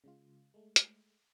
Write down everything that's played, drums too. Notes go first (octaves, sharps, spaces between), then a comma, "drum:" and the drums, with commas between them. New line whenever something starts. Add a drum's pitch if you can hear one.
C#3 G#3 F4
G#3 A3
drum: hi-hat